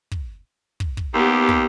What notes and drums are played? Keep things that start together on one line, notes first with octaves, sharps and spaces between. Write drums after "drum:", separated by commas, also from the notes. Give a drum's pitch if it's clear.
drum: kick
drum: kick
drum: kick
D#2 B3 G4
drum: kick